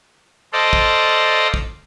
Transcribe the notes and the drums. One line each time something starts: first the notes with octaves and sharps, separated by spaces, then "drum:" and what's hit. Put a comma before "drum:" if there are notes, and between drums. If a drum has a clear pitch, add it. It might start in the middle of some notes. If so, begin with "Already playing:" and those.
A4 C5 D5 D#5 F5
drum: kick
drum: kick